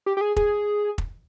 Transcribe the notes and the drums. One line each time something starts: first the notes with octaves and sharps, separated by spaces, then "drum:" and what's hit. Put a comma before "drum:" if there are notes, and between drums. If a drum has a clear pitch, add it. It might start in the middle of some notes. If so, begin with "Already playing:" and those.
G4
G4
G#4
G#4, drum: kick
drum: kick